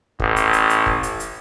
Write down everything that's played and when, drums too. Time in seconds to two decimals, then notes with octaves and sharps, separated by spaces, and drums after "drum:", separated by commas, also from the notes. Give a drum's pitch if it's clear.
0.20 A1, drum: kick
0.36 drum: hi-hat
0.53 drum: hi-hat
0.70 drum: hi-hat
0.86 drum: kick
1.03 drum: hi-hat
1.20 drum: hi-hat